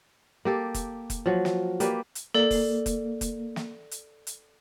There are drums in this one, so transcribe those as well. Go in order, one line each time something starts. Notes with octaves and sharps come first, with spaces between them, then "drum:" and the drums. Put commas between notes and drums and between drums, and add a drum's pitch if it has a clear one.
A#3 G4 A4
drum: kick F1, hi-hat
drum: kick F1, hi-hat
F3 F#3
drum: snare
A#3 G4 B4 D5, drum: hi-hat
drum: hi-hat
A#3 A4 D5
drum: kick F1, open hi-hat
drum: kick F1, hi-hat
drum: kick F1, hi-hat
drum: snare
drum: hi-hat
drum: hi-hat